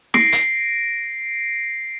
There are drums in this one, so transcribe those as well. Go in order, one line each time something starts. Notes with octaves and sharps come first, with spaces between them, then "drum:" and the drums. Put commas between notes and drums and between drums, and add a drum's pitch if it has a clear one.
A#6 C7 D7, drum: snare
drum: hi-hat